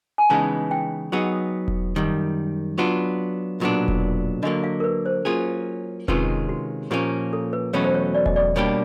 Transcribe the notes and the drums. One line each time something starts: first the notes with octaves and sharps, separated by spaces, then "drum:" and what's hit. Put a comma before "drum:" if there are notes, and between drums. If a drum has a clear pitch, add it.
G#5
C#3 E3 G#3 B3 D#4 A5
G5
F#3 B3 D#4 G#4 F#5
drum: kick E1
F#2 D#3 G3
F#3 B3 D4 F4
B1 A#2 F#3 B3 D4
drum: kick E1
D3 F#3 A#3 D#5
F5
A#4
B4
C5
F#3 A#3 C#4 F4 G#4
C3 D#3 G#3 C#4 F4 B4, drum: kick E1
F#4
A#2 F3 A#3 C#4 G4
A4
B4
E2 B2 F#3 A3 C#4 C#5
C5
C#5
D5
D#5, drum: kick E1
D5
B2 G3 A#3 D4 G4 C#5